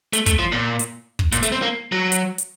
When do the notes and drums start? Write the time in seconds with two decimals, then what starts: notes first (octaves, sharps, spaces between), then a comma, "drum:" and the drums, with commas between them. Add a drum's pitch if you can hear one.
0.13 A3, drum: hi-hat
0.26 A3, drum: kick, hi-hat
0.39 F3
0.52 A#2
0.79 drum: hi-hat
1.19 drum: kick
1.32 A#2, drum: hi-hat
1.43 A3, drum: hi-hat
1.52 C4
1.62 A#3
1.92 F#3
2.12 drum: hi-hat
2.38 drum: hi-hat